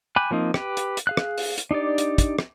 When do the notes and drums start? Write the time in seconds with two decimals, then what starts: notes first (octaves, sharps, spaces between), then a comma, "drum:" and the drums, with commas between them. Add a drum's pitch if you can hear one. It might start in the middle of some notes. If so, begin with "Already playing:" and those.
0.16 G5 G#5 B5 D6 F#6
0.31 F3 A#3 C4 D#4
0.54 G4 B4, drum: rim click
0.77 drum: hi-hat
0.97 drum: hi-hat
1.07 G#4 F5 F#6
1.17 drum: rim click
1.38 drum: open hi-hat
1.58 drum: hi-hat
1.71 D4 D#4 G4 D5
1.98 drum: hi-hat
2.18 drum: kick, hi-hat
2.39 drum: rim click